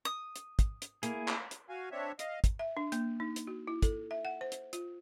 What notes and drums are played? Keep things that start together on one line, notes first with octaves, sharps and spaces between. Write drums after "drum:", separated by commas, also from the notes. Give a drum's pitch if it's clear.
D#6
drum: hi-hat
drum: kick, hi-hat
drum: hi-hat
A#3 E4 G#4, drum: hi-hat
drum: clap
drum: hi-hat
F#4 F5 G#5
C4 D4 C#5 E5
D#5 F5, drum: hi-hat
drum: kick, hi-hat
E5
D4
A#3, drum: hi-hat
D#4
drum: hi-hat
F#4
E4
A4, drum: kick, hi-hat
E5
F#5
C5
drum: hi-hat
F4, drum: hi-hat